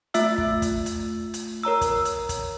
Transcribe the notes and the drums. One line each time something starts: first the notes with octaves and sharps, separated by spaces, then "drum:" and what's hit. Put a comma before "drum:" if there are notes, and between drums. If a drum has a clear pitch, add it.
A3 F4 E5 E6, drum: hi-hat
drum: kick
drum: kick, hi-hat
drum: hi-hat
drum: hi-hat
A#4 C#5 A#5 E6
drum: kick, hi-hat
drum: hi-hat
drum: kick, hi-hat